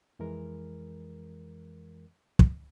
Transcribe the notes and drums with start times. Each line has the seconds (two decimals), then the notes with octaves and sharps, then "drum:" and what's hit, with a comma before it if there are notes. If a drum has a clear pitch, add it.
0.19 F2 E3 G#3 A#4
2.39 drum: kick